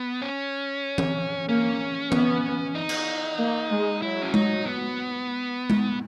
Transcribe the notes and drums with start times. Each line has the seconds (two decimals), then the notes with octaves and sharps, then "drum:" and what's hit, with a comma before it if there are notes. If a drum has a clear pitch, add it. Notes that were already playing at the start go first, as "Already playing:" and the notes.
Already playing: B3
0.22 C#4
0.98 drum: tom E3
1.48 A#3 C#4
2.12 B3, drum: tom E3
2.75 D#4
2.89 drum: cymbal
3.38 A#3
3.70 G#3
4.02 F#3 E4
4.22 C#4
4.34 D#4, drum: tom G#3
4.65 B3
5.70 drum: tom G#3